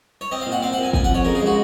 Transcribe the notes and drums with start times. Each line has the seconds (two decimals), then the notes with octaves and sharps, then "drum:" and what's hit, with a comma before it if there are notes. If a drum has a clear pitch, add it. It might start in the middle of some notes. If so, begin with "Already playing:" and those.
0.21 C#5
0.31 C4 D#5
0.41 A#2 F5
0.52 F#5
0.62 C4 F5
0.73 A#2 F#5
0.83 G#5
0.93 F2 G#5, drum: kick
1.04 F2 F#5
1.14 C#5
1.25 C#3 A#4
1.35 G#4
1.40 G#3
1.46 F#4